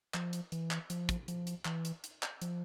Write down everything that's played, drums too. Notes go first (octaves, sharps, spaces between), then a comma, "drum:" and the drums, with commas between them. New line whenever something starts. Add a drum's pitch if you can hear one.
F3, drum: clap
drum: hi-hat
E3, drum: hi-hat
drum: clap
F3, drum: hi-hat
drum: kick, hi-hat
F3, drum: hi-hat
drum: hi-hat
E3, drum: clap
drum: hi-hat
drum: hi-hat
drum: clap
F3, drum: hi-hat